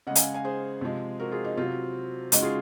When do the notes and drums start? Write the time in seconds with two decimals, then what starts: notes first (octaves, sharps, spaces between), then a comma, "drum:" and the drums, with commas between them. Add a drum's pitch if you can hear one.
0.07 C#3 G#3 D#5 F#5
0.15 F5 G#5, drum: hi-hat
0.34 F5 G#5
0.44 G#4 C5
0.81 C3 F3 G#3
1.20 F#4 A#4
1.32 F4 G#4
1.44 D#4
1.57 C3 F#3 F4
2.32 C#3 G#3 D#4 F#4, drum: hi-hat
2.42 F4 G#4